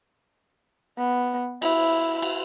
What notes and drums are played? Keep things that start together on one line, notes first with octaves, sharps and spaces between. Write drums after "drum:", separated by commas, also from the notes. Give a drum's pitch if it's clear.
B3
E4, drum: cymbal
drum: cymbal